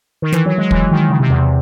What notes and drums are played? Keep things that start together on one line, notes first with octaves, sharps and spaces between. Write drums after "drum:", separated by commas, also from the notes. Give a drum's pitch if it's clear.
D#3
E3, drum: snare
F#3
G#3
E3, drum: kick
D#3
C#3
C3
E2